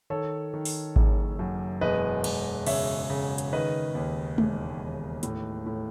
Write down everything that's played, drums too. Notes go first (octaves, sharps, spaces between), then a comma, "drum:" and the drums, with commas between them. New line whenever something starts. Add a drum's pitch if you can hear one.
D#3 A4 C#5
D#3
drum: open hi-hat
F#1, drum: kick G#1
F#2
E1 B4 D#5
E1, drum: cymbal
C#3 C#5 E5, drum: cymbal
C#3
drum: hi-hat
D#3 B4 D#5
D#2
E1, drum: tom G#3
D#2
A2, drum: hi-hat
A2